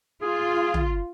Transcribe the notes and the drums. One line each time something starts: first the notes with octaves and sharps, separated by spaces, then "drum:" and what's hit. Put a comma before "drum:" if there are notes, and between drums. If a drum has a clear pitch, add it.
F4 G#4
drum: tom